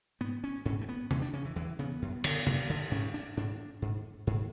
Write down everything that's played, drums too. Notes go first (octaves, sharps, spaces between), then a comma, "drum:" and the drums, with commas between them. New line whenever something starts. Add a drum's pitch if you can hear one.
G#2 B3
C#4
G#2 C#4
A3
B3
E2 C#4, drum: tom
D4
C#3 C#4
E3
E2 E3
C#3 B3
F#2
D3, drum: cymbal
F#2, drum: tom
D3
G#2 C#4
D4
G#2 D4
G#2
G#2